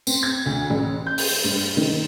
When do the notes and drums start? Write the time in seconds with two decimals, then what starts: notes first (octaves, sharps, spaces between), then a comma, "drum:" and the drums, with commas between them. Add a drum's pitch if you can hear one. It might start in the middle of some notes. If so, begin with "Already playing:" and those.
0.07 C4, drum: tambourine
0.23 G#6
0.46 D2
0.70 A1
1.07 G6
1.18 drum: open hi-hat
1.44 G2
1.77 D#3